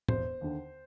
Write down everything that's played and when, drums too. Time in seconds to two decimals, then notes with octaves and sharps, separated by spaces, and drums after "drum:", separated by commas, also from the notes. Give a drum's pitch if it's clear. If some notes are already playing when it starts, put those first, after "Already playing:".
0.08 E1 C5, drum: tom
0.41 D#2 D3